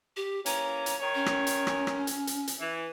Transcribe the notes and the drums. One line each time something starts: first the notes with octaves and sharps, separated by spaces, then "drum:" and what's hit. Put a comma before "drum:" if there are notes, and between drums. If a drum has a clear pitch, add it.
G4
E3 A#3 C#4 A#5, drum: hi-hat
drum: hi-hat
D#3 C#5
C#4
drum: rim click
drum: hi-hat
drum: rim click
drum: rim click
drum: hi-hat
drum: hi-hat
drum: hi-hat
E3